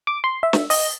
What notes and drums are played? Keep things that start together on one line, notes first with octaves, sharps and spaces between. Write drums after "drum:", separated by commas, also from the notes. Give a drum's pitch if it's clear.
D6
C6
E5
drum: snare
D#5, drum: open hi-hat